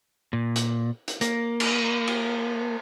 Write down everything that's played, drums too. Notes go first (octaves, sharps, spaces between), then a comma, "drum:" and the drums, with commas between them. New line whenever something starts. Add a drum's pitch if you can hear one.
A#2
drum: hi-hat
drum: hi-hat
A#3, drum: hi-hat
drum: cymbal
drum: cymbal